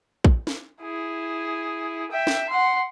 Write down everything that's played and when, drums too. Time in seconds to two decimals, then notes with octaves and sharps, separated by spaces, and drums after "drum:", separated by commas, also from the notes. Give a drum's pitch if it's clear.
0.24 drum: kick
0.47 drum: snare
0.82 E4 G#4
2.11 E5 G5
2.27 drum: snare
2.49 F#5 C6